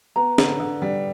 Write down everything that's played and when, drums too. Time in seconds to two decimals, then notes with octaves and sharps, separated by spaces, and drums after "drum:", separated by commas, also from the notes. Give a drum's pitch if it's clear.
0.16 B3 A#5
0.38 D3, drum: snare
0.60 D3
0.82 G3